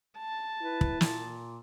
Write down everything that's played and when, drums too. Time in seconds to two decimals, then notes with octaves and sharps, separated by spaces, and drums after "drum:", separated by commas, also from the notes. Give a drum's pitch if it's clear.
0.18 A5
0.62 E4 B4
0.81 drum: kick
1.01 A#2, drum: snare